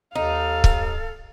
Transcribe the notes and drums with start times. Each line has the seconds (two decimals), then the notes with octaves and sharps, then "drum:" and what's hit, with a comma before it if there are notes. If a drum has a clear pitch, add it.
0.15 D#2 D#4 A4 F5
0.64 drum: kick C#1